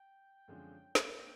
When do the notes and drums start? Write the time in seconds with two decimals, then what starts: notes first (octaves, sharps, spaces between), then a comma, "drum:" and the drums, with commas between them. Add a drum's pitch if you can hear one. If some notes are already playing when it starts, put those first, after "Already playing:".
Already playing: G5
0.48 F#2 D3 F3 G#3 C4
0.95 drum: snare
1.19 A#3 G5